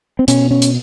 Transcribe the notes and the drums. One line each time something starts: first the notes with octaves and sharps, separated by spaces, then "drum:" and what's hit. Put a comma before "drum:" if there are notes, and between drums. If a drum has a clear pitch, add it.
C4
B2 C#4, drum: hi-hat
C#4
drum: hi-hat